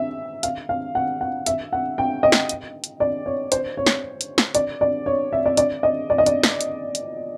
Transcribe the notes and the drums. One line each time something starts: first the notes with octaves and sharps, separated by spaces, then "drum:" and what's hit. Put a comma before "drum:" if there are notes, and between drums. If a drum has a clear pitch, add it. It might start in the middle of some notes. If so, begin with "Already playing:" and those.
Already playing: E5
F5, drum: hi-hat
F5
F#5
F#5
E5, drum: hi-hat
F#5
G5
D#5
drum: snare
drum: hi-hat
drum: hi-hat
D5
C#5
C5, drum: hi-hat
C#5
drum: snare
drum: hi-hat
drum: snare
D5, drum: hi-hat
D5
C#5
E5
D5
D5, drum: hi-hat
D#5
D5
D#5
D5, drum: hi-hat
drum: snare
drum: hi-hat
drum: hi-hat